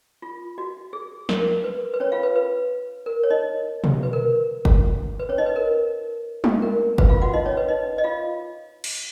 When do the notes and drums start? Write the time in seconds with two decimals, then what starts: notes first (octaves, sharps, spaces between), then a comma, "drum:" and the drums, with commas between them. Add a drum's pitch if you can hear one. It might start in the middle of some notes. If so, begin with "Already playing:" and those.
0.22 F4
0.58 F#4
0.93 G#4
1.29 A#4, drum: snare
1.64 B4
1.94 B4
2.00 C#4 C#5
2.12 F4 F5
2.23 B4
2.36 B4
3.06 A#4
3.23 C#5
3.30 D#4 D#5
3.84 drum: tom B2
4.03 B4
4.13 A#4
4.65 drum: kick F#1
5.19 B4
5.29 C#4 C#5
5.38 D#4 D#5
5.46 B4
5.56 A#4
6.44 drum: tom G3
6.62 A#4
6.98 B4, drum: kick F#1
7.09 F4 F5
7.22 F#4 F#5
7.34 D#4 D#5
7.45 C#4 C#5
7.57 B4
7.69 D#4 D#5
7.98 D#5
8.04 F4 F5
8.84 drum: cymbal